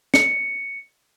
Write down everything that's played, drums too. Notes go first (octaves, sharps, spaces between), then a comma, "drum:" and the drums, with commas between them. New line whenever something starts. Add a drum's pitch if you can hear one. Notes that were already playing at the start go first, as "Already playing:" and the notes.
C#7, drum: snare